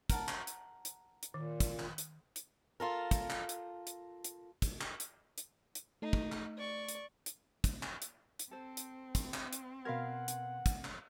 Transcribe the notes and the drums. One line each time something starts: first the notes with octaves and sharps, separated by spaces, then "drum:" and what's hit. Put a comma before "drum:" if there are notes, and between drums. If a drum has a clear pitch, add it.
A#4 F#5 A5, drum: kick, hi-hat
drum: clap
drum: hi-hat
drum: hi-hat
drum: hi-hat
A#2 D#3
drum: kick, hi-hat
drum: clap
drum: hi-hat
drum: hi-hat
F4 A4 A#4
drum: kick, hi-hat
drum: clap
drum: hi-hat
drum: hi-hat
drum: hi-hat
drum: kick, hi-hat
drum: clap
drum: hi-hat
drum: hi-hat
drum: hi-hat
A3 D#4
drum: kick
drum: clap
D5 C#6
drum: hi-hat
drum: hi-hat
drum: kick, hi-hat
drum: clap
drum: hi-hat
drum: hi-hat
C4 A4 C5
drum: hi-hat
drum: kick, hi-hat
drum: clap
drum: hi-hat
B2 A#4 B4 F5 F#5 C6 G#6
drum: hi-hat
drum: kick, hi-hat
drum: clap